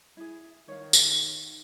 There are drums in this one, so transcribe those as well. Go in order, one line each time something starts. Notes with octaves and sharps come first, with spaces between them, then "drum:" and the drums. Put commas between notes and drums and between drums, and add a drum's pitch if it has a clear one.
E4 G#4
D#3 C#5 F5
drum: tambourine